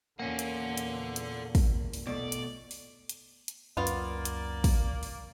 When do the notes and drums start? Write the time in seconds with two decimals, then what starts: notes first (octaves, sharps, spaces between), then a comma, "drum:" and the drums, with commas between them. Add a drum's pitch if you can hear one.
0.20 E2 A#2 A#3 C#4 A4 F#5
0.39 drum: hi-hat
0.78 drum: hi-hat
1.16 drum: hi-hat
1.55 drum: kick, open hi-hat
1.93 drum: open hi-hat
2.07 B2 A3 D5
2.32 drum: hi-hat
2.71 drum: open hi-hat
3.09 drum: hi-hat
3.48 drum: hi-hat
3.77 C#2 F#2 A#3 B3 F4 D5
3.87 drum: hi-hat
4.25 drum: hi-hat
4.64 drum: kick, open hi-hat
5.03 drum: open hi-hat